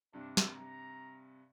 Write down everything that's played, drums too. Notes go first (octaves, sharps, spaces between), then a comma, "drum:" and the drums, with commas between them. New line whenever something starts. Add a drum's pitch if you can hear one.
G2 C3 D4
drum: snare
A#5